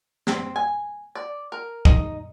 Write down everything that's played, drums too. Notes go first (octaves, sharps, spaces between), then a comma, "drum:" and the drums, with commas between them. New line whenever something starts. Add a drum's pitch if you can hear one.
C4, drum: snare
G#5
D5
A#4
D#4, drum: kick